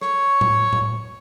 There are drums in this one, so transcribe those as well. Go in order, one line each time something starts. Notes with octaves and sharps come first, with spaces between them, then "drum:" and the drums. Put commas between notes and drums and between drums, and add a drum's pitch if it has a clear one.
C#5, drum: rim click
drum: tom A2
drum: tom A2